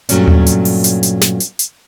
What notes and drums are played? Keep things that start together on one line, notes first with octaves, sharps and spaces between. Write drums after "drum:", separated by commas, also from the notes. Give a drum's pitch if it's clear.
G2 A#2 F#3 A3 C#4 D4, drum: hi-hat
drum: tom D#2
drum: hi-hat
drum: open hi-hat
drum: hi-hat
drum: hi-hat
drum: snare
drum: hi-hat
drum: hi-hat